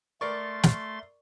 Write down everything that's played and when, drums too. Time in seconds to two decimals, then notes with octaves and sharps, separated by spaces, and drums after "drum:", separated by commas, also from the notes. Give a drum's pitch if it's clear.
0.21 A3 A#4 D5 C6 C#6 A6
0.63 drum: snare